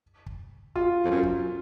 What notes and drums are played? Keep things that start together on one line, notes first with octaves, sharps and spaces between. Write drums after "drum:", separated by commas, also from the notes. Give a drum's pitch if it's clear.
drum: kick
F4, drum: kick
F2
F#2
drum: kick